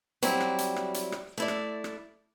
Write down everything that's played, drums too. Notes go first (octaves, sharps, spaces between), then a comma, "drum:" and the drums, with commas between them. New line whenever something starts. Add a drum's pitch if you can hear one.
F#3 G3 C4 E4, drum: hi-hat
drum: rim click
drum: hi-hat
drum: rim click
drum: hi-hat
drum: rim click
A3 E4 D5
drum: rim click
drum: rim click